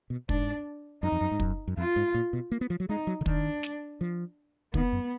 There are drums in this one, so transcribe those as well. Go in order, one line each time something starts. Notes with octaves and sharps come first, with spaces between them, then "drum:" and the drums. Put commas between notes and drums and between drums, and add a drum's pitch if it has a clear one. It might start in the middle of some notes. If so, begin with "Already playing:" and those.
B2
G#2 D4, drum: kick
F#2 D#4
F2
F#2
G#2
F#2, drum: kick
F#2
F2 F4
G#2
A#2
B2
A#3
B3
F3
F#3
G#3 D#4
F#3
D3
D#3 D4, drum: kick
drum: snare
F3
D#3 B3, drum: kick
F#2